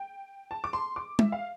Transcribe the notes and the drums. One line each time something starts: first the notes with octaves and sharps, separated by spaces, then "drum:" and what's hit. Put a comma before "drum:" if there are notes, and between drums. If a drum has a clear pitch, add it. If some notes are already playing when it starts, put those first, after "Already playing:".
Already playing: G5
A5
D6
C6
D6
E5, drum: tom
F5